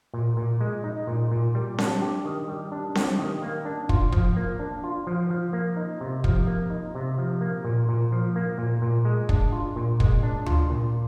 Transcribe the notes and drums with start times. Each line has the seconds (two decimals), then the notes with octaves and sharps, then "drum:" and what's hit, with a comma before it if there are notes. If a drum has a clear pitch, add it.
0.14 A#2
0.37 A#2
0.61 G#3
0.84 D#4
1.07 A#2
1.32 A#2
1.55 G3
1.78 D4, drum: snare C4
2.02 G4
2.25 D#3
2.48 G3
2.72 D4
2.95 G4, drum: snare C4
3.18 D#3
3.42 A#3
3.65 D4
3.89 F4, drum: kick
4.12 F3, drum: kick
4.36 A#3
4.59 D4
4.84 F4
5.07 F3
5.30 F3
5.53 A#3
5.77 D#4
6.01 C3
6.24 F3, drum: kick
6.47 A#3
6.70 D#4
6.95 C3
7.18 F3
7.41 A#3
7.65 A#2
7.89 A#2
8.12 F3
8.36 A#3
8.58 A#2
8.82 A#2
9.05 G#3
9.29 D4, drum: kick
9.52 F4
9.76 A#2
10.00 G#3, drum: kick
10.23 D4
10.46 F4, drum: tom D2
10.70 A#2